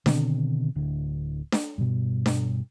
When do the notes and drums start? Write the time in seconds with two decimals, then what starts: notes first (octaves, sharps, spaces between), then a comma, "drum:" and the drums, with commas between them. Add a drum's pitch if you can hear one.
0.06 B2 D3 D#3 C4, drum: snare D4
0.76 D1 D3
1.52 drum: snare D4
1.78 G2 B2
2.26 drum: snare D4